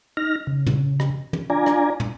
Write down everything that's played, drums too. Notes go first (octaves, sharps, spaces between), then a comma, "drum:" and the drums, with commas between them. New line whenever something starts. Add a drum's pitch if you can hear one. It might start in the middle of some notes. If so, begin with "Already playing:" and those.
D#4 F6 A#6
C#3
drum: tom
drum: rim click
drum: tom
D4 F4 D5 G#5 A#5
drum: rim click
drum: tom